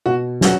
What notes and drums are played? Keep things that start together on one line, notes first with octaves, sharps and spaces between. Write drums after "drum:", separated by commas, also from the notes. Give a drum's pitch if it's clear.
B2 F#4
F#3 C#4 F#4, drum: snare